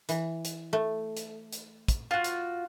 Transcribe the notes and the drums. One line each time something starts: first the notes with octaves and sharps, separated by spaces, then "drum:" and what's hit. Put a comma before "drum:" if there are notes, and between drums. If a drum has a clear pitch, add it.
E3, drum: hi-hat
drum: hi-hat
A3
drum: hi-hat
drum: hi-hat
drum: kick, hi-hat
F4 F#4
drum: hi-hat